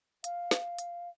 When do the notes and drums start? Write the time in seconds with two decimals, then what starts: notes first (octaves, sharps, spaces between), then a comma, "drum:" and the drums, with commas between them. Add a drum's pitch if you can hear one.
0.24 F5, drum: hi-hat
0.51 drum: snare
0.79 drum: hi-hat